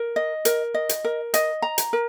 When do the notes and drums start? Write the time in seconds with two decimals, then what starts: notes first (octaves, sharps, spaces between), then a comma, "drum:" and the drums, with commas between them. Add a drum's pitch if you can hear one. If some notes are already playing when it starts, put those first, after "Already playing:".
Already playing: A#4
0.16 D#5
0.45 A#4, drum: hi-hat
0.74 D#5
0.89 drum: hi-hat
1.04 A#4
1.34 D#5, drum: hi-hat
1.62 A#5
1.78 drum: hi-hat
1.93 A#4